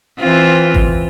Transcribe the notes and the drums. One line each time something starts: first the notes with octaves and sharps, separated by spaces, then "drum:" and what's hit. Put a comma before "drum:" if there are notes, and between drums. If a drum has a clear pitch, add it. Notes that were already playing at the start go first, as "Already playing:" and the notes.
E3 C4 F4
drum: kick G#1